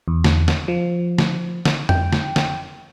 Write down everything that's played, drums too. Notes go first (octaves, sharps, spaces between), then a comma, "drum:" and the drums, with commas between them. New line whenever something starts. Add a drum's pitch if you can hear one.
E2
drum: snare
drum: snare
F3
drum: snare
drum: snare
G5, drum: tom F2
drum: snare
drum: snare